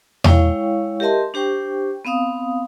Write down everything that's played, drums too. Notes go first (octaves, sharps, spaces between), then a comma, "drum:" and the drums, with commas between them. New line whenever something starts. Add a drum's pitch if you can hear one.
G#3 E4 C#5 F5 G5 C#6, drum: tom E2
G4 A#4 D#5 E5 A5 C6
D4 G4 C5 G5 C#6
B3 C4 F5 D#6